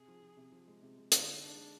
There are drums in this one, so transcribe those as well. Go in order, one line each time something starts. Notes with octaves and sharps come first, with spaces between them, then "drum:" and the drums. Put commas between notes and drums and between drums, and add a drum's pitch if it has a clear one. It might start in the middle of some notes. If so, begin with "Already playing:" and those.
Already playing: C3 G#4
F3
F3
C3
F3
G#3
C3
G#3
D3 F4, drum: hi-hat
D#4
D4 G#4
G#3